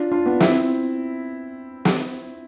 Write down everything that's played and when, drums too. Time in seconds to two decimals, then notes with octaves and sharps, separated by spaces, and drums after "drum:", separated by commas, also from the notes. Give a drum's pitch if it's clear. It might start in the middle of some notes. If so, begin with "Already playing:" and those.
Already playing: D4 F4
0.12 D4 F4
0.26 B3 D4
0.40 C4 E4, drum: snare
1.85 drum: snare